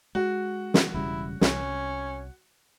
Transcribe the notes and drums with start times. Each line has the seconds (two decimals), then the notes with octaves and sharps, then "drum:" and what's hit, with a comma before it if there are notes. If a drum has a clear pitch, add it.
0.15 G#3 F#4
0.74 drum: snare
0.94 E1 C#3 G3 E4
1.41 C2 C#4, drum: snare